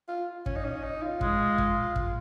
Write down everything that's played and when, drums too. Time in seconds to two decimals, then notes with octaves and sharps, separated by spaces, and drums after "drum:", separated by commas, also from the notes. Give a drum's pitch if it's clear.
0.09 F4
0.46 C#4, drum: kick
0.56 D#4
0.65 C#4
0.83 D#4
1.02 F4
1.21 G#3, drum: kick
1.58 drum: kick
1.96 drum: kick